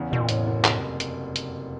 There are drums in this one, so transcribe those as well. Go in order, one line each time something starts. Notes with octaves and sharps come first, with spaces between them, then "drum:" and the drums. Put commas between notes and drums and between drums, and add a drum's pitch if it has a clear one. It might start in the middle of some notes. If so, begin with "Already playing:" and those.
Already playing: E2 C#3
F#1 B2
A#2
E2 A2, drum: hi-hat
F#1
F1, drum: clap
drum: hi-hat
drum: hi-hat